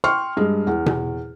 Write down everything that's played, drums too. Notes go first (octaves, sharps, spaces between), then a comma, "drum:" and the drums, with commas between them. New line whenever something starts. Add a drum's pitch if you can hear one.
G5 C6 C#6 F6
G2 G#3
E2
drum: tom B2